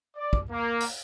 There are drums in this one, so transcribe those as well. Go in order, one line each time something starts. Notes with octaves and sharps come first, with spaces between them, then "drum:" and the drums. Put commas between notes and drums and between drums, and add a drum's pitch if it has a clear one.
D5
drum: kick
A#3
drum: open hi-hat